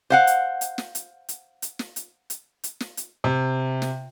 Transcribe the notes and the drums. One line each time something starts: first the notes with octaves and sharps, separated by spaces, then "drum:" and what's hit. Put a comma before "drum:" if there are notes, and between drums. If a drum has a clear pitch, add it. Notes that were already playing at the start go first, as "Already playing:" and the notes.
C5 F5 F#5
drum: hi-hat
drum: hi-hat
drum: snare
drum: hi-hat
drum: hi-hat
drum: hi-hat
drum: snare
drum: hi-hat
drum: hi-hat
drum: hi-hat
drum: snare
drum: hi-hat
C3
drum: snare